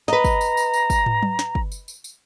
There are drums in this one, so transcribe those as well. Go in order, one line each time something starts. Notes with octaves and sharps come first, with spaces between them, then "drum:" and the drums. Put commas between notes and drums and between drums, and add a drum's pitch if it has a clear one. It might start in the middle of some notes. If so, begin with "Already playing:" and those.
B4 D#5 A#5, drum: snare
drum: kick, tambourine
drum: tambourine
drum: tambourine
drum: tambourine
drum: kick, tambourine
drum: tom
drum: tom F#3
drum: snare
drum: kick
drum: tambourine
drum: tambourine
drum: tambourine